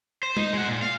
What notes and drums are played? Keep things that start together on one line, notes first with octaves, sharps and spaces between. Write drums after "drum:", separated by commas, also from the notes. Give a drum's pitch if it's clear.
C5
D#4, drum: tom
G#3 F#5
A#2
F5